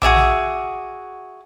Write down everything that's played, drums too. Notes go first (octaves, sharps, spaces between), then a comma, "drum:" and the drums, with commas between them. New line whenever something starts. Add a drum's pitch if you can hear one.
F#4 G#4 E5 D6, drum: tom A#1
drum: snare